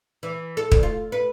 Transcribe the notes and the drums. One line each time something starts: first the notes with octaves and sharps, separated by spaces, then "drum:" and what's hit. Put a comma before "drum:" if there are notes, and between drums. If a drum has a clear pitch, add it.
E3
A4
D2, drum: kick
F4
B4